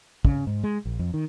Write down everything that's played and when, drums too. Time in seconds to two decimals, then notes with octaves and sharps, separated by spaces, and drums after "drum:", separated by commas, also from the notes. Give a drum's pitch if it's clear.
0.25 C#3, drum: kick
0.47 G#2
0.64 G#3
0.85 A#1
0.99 F2
1.14 D#3